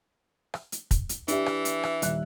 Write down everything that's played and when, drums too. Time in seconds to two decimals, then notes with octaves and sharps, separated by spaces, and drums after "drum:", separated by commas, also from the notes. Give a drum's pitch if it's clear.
0.54 drum: rim click
0.72 drum: hi-hat
0.91 drum: kick, hi-hat
1.09 drum: hi-hat
1.28 E3 D4 G4 E5, drum: hi-hat
1.46 drum: rim click
1.65 drum: hi-hat
1.83 drum: rim click
2.02 D#1 E5 F#6, drum: hi-hat